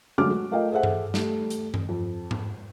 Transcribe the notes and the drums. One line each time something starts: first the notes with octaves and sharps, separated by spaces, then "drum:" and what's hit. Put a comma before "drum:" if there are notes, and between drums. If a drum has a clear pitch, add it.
D3 F#3 G#3 A3 D6 F6
F#4
A3 F4 A#4 D#5 F5 G5
G#4 A4 C5 E5 F#5
drum: tom G2
G3 A3, drum: snare
drum: hi-hat
drum: tom G2
F2
drum: tom G#2